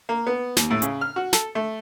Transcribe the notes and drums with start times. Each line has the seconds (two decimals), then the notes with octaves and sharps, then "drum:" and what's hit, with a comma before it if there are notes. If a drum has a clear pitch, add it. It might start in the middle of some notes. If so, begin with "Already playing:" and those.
0.09 A#3
0.27 B3
0.57 D#2, drum: snare
0.70 A2
0.82 C#3, drum: hi-hat
1.01 F6
1.16 F#4
1.33 A4, drum: snare
1.55 A3